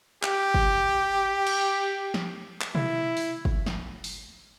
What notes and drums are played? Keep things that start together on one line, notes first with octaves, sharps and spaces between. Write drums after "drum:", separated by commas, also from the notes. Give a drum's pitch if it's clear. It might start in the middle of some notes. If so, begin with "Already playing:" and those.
G4, drum: clap
drum: kick
drum: cymbal
drum: snare
drum: clap
E4, drum: tom B2
drum: open hi-hat
drum: kick
drum: snare
drum: open hi-hat